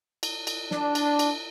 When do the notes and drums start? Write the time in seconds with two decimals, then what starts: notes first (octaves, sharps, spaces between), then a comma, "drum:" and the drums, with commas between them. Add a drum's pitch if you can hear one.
0.23 drum: cymbal
0.47 drum: cymbal
0.71 D4, drum: snare
0.95 drum: cymbal
1.19 drum: cymbal